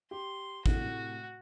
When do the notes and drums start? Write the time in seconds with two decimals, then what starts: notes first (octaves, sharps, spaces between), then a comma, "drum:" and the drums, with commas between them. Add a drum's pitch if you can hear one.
0.11 G4 C6
0.66 A2 C3 A3 F#4, drum: kick